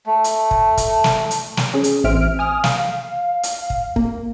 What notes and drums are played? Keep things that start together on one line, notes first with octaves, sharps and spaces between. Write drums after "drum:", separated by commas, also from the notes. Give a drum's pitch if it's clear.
A3
drum: hi-hat
drum: kick
drum: kick, hi-hat
drum: snare
drum: hi-hat
drum: snare
C#4 G#4
drum: hi-hat
A1 C4 E5 F6 D7
G#5 D#6 F6
F5, drum: snare
drum: hi-hat
drum: kick
A#3, drum: kick